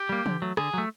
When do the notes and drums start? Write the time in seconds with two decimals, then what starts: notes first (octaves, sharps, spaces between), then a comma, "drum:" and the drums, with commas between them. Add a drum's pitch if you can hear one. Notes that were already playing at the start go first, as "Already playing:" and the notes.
Already playing: G4
0.09 G3 A#3
0.26 D3, drum: tom E3
0.42 F#3 A3
0.57 D3 G#4, drum: rim click
0.74 F#3 A3